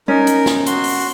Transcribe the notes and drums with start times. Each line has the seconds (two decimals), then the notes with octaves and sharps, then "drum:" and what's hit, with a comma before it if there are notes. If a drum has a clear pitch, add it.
0.08 C#4 D#4 A#4
0.27 drum: hi-hat
0.46 drum: snare
0.67 F#4 C6, drum: hi-hat
0.84 drum: open hi-hat